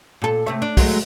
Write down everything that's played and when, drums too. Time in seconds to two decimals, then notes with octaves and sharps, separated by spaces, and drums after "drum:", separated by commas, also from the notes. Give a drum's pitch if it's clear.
0.22 A#2 A4
0.47 C3 A3 E5
0.62 D4
0.77 F#3 G#3 A3, drum: kick, open hi-hat